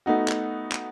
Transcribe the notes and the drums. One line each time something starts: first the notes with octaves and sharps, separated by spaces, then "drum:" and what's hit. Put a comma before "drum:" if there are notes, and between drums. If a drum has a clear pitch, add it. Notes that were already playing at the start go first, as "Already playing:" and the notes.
A3 B3 D#4 F#4
drum: clap
drum: clap